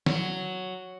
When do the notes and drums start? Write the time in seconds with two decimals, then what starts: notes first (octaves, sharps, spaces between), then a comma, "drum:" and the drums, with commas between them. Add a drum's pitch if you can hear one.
0.06 F#3, drum: snare